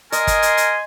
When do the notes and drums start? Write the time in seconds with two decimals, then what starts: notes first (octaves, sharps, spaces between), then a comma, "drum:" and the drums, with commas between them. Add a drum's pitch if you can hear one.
0.12 A#4 D#5 G#5 C6, drum: hi-hat
0.27 drum: kick, hi-hat
0.42 drum: hi-hat
0.57 drum: hi-hat